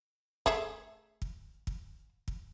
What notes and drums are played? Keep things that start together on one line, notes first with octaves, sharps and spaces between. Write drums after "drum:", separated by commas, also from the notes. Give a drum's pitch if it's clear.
A3 G#4 E5, drum: kick
drum: kick
drum: kick
drum: kick